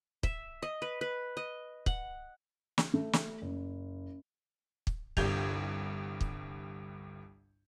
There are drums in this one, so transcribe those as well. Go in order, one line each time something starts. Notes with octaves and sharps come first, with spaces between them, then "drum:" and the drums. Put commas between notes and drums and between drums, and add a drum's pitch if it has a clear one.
E5, drum: kick
D#5
B4
B4
D#5
F#5, drum: kick
drum: snare
A3
drum: snare
F#1
drum: kick
G1 C2 G2 G6 G#6 F7, drum: kick
drum: kick